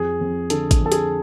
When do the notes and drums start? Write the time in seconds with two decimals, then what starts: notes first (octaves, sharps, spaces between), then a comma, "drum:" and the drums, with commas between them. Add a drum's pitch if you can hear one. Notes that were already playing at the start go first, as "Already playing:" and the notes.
Already playing: F2 G#4
0.21 F2
0.50 D3 A4, drum: hi-hat
0.71 drum: kick G#1, hi-hat
0.81 F2 A4
0.92 G#4, drum: hi-hat